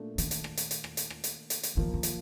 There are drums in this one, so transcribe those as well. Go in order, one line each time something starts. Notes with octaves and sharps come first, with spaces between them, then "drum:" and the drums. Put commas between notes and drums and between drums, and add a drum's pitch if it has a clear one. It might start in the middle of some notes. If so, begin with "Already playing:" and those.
Already playing: A#2 A3 D4
D#3, drum: hi-hat
drum: hi-hat
drum: rim click
drum: hi-hat
drum: hi-hat
drum: rim click
drum: hi-hat
drum: rim click
drum: hi-hat
drum: hi-hat
drum: hi-hat
A#2 D#3 F3 A#3
D#3
drum: hi-hat